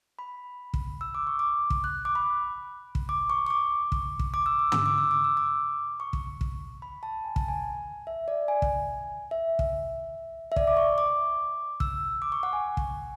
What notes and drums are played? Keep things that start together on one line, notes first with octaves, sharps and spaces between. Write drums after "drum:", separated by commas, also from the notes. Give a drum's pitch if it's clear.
B5
drum: kick
E6
D6
C#6
D6
drum: kick
F#6
D6
B5
drum: kick
D6
C#6
C#6
D6
drum: kick
drum: kick
D6
E6
D6
E6, drum: tom
D6
E6
D6
E6
D6
C#6
drum: kick
drum: kick
B5
A5
G#5
A5, drum: kick
G#5
E5
D5
G#5
drum: kick
E5
drum: kick
E5
D5, drum: kick
D6
C#6
D6
E6, drum: kick
D6
C#6
F#5
G#5
drum: kick